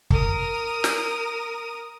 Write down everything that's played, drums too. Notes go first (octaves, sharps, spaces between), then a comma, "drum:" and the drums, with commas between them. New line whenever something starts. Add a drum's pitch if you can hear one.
A#4 D#6, drum: kick
drum: snare